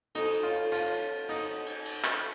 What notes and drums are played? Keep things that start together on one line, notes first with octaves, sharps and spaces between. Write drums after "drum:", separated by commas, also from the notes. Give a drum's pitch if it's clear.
D#4 A4, drum: cymbal
A4
F4 C#5
A4
F4 A5, drum: cymbal
C#5
A5
C#5
D#4 C#5, drum: cymbal
A4
C#5
drum: cymbal
drum: cymbal
drum: clap